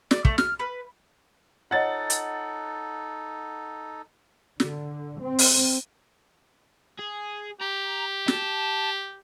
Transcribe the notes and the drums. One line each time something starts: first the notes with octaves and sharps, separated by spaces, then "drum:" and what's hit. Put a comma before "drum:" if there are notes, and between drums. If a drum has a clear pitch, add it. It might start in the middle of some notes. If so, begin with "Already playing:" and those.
D5, drum: snare
A3, drum: kick
F6, drum: snare
B4
D#4 F4 A4 C#5 D#5 F#5 A6
drum: hi-hat
D3, drum: snare
C4
drum: open hi-hat
G#4
G4 A#5
A5, drum: snare